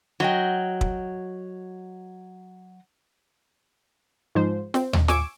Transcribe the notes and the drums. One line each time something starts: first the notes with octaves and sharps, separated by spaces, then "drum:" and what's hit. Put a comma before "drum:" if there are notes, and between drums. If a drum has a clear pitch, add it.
F#3 D#5 G5
drum: kick
G#2 F3 C5
C4, drum: snare
drum: tom D#2
G#5 C#6 D6 E6 D7, drum: snare